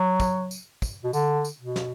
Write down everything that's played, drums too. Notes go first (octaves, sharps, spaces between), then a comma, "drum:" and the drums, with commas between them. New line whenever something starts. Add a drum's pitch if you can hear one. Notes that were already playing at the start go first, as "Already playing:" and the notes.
Already playing: F#3
drum: kick, tambourine
drum: tambourine
drum: kick, tambourine
B2
D3, drum: tambourine
drum: tambourine
B2
drum: snare